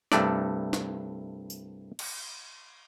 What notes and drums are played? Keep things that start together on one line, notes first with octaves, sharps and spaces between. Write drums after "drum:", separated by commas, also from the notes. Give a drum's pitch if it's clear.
C2 G2 A3 D5, drum: snare
drum: snare
drum: tambourine
drum: cymbal